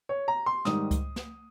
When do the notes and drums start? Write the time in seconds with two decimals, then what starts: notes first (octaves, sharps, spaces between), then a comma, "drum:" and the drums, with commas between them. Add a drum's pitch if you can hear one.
0.09 C#5
0.28 A#5
0.46 C6
0.65 G#2 D#3 G3 D#6, drum: snare
0.91 drum: kick C#2, hi-hat
1.16 drum: snare